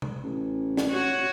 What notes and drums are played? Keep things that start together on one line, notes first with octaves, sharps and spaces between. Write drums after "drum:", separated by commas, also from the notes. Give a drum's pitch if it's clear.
drum: tom
A1
drum: snare
F#4 C#5